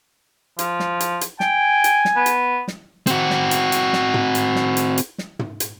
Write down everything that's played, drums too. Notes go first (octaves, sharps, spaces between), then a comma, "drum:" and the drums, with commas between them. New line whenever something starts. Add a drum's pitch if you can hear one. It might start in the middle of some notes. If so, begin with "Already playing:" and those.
F3, drum: hi-hat
drum: snare
drum: hi-hat
drum: hi-hat
G5 G#5, drum: snare
drum: hi-hat
drum: snare
B3
drum: hi-hat
drum: snare
C4 F#4, drum: hi-hat
drum: snare
drum: hi-hat
drum: hi-hat
drum: snare
drum: tom
drum: hi-hat
drum: snare
drum: hi-hat
drum: hi-hat
drum: snare
drum: tom
drum: hi-hat